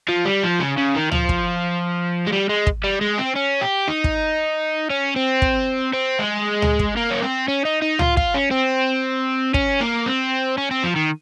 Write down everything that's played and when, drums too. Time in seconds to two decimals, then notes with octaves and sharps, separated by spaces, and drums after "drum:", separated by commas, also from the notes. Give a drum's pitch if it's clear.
0.08 F3
0.25 G3
0.43 F3
0.60 C#3
0.77 C#3
0.95 D#3
1.12 F3, drum: tom C#2
1.29 drum: kick
2.27 G#3
2.32 G3
2.49 G#3
2.67 drum: kick
2.84 G3
3.01 G#3
3.18 C4
3.35 C#4
3.61 G4
3.88 D#4
4.04 drum: kick
4.90 C#4
5.16 C4
5.42 drum: kick
5.93 C4
6.19 G#3
6.62 drum: tom C#2
6.79 drum: kick
6.97 A#3
7.11 C#4
7.22 C4
7.48 C#4
7.65 D#4
7.82 D#4
7.99 F4, drum: tom C#2
8.17 F4, drum: kick
8.34 C#4
8.51 C4
9.54 C#4, drum: kick
9.80 A#3
10.06 C4
10.58 C#4
10.71 C4
10.83 F3
10.96 D#3